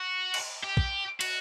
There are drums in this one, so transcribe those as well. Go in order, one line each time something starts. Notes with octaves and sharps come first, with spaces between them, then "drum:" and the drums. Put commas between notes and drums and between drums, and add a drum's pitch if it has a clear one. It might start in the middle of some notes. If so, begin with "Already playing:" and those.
Already playing: F#4
drum: cymbal
G4
drum: kick
F#4, drum: cymbal